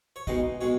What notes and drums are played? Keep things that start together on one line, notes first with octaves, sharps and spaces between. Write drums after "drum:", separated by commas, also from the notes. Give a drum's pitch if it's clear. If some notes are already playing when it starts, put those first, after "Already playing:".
C#5
B2 G#3 D#4 D#5, drum: kick
B2 G#3 C#5